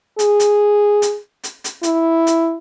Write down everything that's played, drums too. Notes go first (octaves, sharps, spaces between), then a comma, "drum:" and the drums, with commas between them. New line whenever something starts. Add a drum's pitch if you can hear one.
G#4, drum: hi-hat
drum: hi-hat
drum: hi-hat
drum: hi-hat
drum: hi-hat
E4, drum: hi-hat
drum: hi-hat